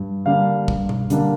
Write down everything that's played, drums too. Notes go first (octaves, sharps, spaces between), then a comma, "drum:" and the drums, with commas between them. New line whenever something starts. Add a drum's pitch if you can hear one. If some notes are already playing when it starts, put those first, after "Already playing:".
Already playing: G2
D3 G3 A#3 D4 F5
G2, drum: kick
drum: tom B2
D3 G3 A#3 D4, drum: hi-hat